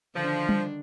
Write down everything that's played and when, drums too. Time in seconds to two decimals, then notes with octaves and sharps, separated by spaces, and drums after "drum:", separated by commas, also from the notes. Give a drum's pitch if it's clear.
0.16 D3 D#3 F3 D4
0.49 drum: tom G3